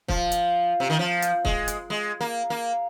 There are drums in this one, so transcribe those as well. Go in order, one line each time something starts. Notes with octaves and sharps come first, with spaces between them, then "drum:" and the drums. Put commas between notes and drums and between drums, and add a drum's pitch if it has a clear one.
F3, drum: kick
drum: hi-hat
C3
D#3
F3
drum: hi-hat
G#3, drum: kick
drum: hi-hat
G#3
A#3
A#3